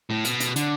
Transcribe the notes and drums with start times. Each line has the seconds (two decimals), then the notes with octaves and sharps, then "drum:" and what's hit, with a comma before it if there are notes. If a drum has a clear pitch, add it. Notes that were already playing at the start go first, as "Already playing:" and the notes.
0.10 A2
0.25 B2, drum: hi-hat
0.40 drum: hi-hat
0.56 D3, drum: hi-hat